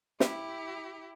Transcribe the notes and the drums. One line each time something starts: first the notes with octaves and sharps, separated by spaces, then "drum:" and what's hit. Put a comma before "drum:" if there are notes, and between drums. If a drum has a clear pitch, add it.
E4 G4, drum: snare